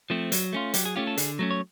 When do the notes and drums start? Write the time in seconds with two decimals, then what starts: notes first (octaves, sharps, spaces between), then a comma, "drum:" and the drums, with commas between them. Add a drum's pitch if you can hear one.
0.10 F3 A3 C4
0.32 F#3, drum: hi-hat
0.53 A3 C#4 F4
0.74 F#3 G4, drum: hi-hat
0.85 G#4
0.96 A3 C#4 F4 G4
1.07 A4
1.17 D3 G#4, drum: hi-hat
1.39 F#3 A3 C#4
1.51 C#5